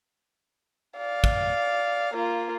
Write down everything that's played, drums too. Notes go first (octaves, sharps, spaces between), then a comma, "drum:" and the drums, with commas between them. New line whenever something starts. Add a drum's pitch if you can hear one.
D5 F5
drum: kick
A#3 F4